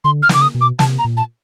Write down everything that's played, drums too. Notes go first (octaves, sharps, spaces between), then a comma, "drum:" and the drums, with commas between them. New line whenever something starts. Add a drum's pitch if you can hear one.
D3 C6
F6
C#3 D6, drum: snare
D#6
B2
D6
C3 A5, drum: snare
A#5
A#2
A5